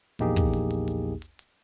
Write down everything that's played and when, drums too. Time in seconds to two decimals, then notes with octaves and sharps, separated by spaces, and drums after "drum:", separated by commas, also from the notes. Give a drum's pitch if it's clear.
0.19 A#1 E2 A#3 D#4 G4 G#4, drum: hi-hat
0.36 drum: kick, hi-hat
0.53 drum: hi-hat
0.71 drum: hi-hat
0.88 drum: hi-hat
1.22 drum: hi-hat
1.39 drum: hi-hat